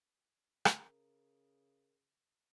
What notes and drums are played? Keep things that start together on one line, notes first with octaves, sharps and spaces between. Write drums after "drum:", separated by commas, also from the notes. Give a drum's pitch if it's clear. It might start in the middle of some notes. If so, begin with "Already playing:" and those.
C#3 A#4, drum: rim click